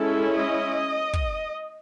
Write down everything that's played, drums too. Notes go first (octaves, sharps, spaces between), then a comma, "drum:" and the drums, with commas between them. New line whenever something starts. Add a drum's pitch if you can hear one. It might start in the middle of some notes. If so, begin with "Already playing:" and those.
Already playing: G#3 C#4 E4 A4
D#5
drum: kick